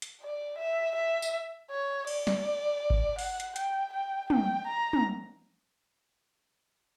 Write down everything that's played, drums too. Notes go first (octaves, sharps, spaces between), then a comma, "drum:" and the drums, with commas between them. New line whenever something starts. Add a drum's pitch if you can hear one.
drum: hi-hat
D5
E5
E5
drum: tambourine
C#5
D5, drum: cymbal
drum: snare
drum: kick G#1
F#5, drum: open hi-hat
drum: hi-hat
G5, drum: hi-hat
G5
G5, drum: tom
A#5
drum: tom